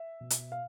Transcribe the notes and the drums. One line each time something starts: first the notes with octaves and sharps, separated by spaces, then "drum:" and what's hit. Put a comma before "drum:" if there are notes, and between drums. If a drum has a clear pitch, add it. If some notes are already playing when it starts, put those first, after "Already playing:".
Already playing: E5
B2
drum: hi-hat
F5